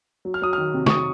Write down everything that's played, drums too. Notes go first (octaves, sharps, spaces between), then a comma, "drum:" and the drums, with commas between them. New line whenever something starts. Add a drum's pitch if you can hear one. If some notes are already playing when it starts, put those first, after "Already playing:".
F#3
F6
F#3 D#6
D#3 F6
C3
C#6, drum: snare
C3 D#6